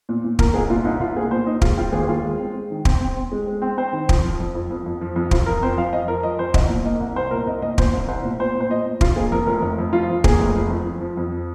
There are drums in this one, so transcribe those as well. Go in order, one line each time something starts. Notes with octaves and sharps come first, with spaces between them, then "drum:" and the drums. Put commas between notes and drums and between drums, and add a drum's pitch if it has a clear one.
A#2
A#2
A#2 A#4, drum: kick
C2 G#4
A#2 F4
C2 D#4
C2 F4
A#3 G#4
A#2 C5
A#3 D#4
G#3 F4, drum: kick
C4 F4
D#2 G#4
G#4
D#2 F4
G#3
C4
G#3
D#3
C4, drum: kick
C4
C4
G#3
G#3
C4
C4 C5
D#3
F2, drum: kick
F3
F2
F2
F2
F2
F3
F2
F2 F4, drum: kick
F2 A#4
C4 C5
F3 F5
F2 D#5
F3 A#4
F3 D#5
F2 C5
C2 D#5, drum: kick
A#2
A#3 D#5
C2
C2 C5
A#2 A#4
C2 D#5
A#3 D#5
A#2 C5, drum: kick
C2
C2 C5
A#2
A#2 C5
A#2
C5
A#2 D#5
A#2
F2 F4, drum: kick
A#3 G#4
F2 A#4
F1 A#4
F1
F2
F3 F4
F2
A#3 G#4, drum: kick
F1
F3
F2
F2
F3
F2